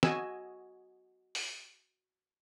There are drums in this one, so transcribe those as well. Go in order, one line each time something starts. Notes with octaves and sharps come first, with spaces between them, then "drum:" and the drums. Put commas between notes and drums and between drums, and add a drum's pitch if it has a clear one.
F#4 D#5 G#5 E6, drum: snare
drum: open hi-hat